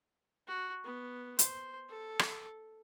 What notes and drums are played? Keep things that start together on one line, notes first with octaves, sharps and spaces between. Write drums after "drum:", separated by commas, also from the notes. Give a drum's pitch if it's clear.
F#4
B3
C5, drum: hi-hat
A4
drum: rim click